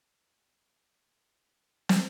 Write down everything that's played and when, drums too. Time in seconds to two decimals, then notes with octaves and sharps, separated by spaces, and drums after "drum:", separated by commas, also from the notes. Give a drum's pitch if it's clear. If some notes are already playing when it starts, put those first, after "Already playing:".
0.19 D#2 D#3
1.43 C#4 E4 A#4
1.89 drum: snare